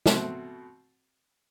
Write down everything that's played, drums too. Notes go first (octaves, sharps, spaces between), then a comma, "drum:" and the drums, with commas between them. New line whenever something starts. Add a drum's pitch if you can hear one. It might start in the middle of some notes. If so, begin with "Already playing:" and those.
B2 A3 C4 F#4, drum: snare